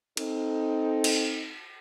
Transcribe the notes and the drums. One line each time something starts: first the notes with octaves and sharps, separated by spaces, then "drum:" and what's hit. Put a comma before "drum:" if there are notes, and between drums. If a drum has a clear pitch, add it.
C4 D#4 A4, drum: cymbal
drum: cymbal